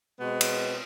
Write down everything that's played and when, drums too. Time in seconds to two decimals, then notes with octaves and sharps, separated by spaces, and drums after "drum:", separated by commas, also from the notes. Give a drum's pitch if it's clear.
0.20 B2 G#3 B3 C4
0.41 drum: cymbal